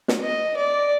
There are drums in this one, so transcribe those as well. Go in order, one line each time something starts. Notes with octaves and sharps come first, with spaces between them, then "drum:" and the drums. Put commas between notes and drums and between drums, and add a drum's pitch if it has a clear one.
drum: snare
D#5
D5